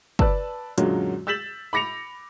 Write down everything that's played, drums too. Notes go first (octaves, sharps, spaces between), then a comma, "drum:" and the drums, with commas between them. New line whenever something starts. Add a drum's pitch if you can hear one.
B4 D5 A5 E6, drum: kick
F#2 A#2 D3 F#3 G#3, drum: hi-hat
E6 G6 A6 B6 E7 F#7
B5 D6 A#6 C#7 F7